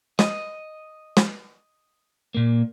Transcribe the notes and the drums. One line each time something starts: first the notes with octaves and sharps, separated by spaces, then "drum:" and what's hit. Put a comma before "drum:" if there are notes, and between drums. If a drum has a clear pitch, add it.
D#5, drum: snare
drum: snare
A#2 A#3